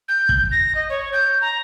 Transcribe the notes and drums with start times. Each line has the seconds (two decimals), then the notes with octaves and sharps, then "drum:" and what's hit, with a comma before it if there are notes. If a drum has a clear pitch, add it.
0.08 G6
0.29 drum: kick
0.51 A#6
0.75 D#5
0.89 C#5
1.13 G6
1.41 A#5